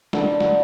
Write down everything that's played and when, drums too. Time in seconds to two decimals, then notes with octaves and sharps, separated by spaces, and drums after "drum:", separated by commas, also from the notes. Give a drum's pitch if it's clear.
0.13 D3, drum: snare
0.40 drum: snare